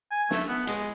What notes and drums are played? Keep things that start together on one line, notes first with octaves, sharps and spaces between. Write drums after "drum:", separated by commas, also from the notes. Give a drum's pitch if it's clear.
G#5
A3, drum: snare
B3
G#3, drum: hi-hat